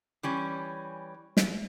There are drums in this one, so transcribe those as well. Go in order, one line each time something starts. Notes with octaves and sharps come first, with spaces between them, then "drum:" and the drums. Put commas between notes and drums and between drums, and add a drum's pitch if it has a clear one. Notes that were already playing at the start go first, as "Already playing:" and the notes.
E3 G3 C#4
drum: snare